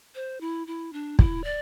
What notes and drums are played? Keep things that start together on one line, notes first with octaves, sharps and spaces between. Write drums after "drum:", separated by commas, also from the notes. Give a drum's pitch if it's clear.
C5
E4
E4
D4
E4, drum: kick
D5